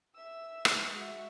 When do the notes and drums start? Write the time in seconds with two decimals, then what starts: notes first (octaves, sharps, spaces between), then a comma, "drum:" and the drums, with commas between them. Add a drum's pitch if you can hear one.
0.15 E5 E6
0.65 G#3, drum: rim click
0.96 F#4 E5